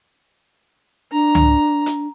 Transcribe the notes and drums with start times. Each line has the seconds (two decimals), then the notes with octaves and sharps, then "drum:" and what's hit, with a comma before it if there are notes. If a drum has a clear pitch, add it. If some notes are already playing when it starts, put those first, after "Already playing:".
1.12 D4 A#5
1.35 drum: tom C#2
1.86 drum: hi-hat